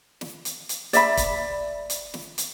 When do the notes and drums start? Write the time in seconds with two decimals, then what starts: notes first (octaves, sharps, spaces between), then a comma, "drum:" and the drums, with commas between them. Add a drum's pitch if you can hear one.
0.21 drum: snare
0.45 drum: hi-hat
0.69 drum: hi-hat
0.93 D5 E5 B5, drum: hi-hat
1.17 drum: kick, hi-hat
1.90 drum: hi-hat
2.14 drum: snare
2.38 drum: hi-hat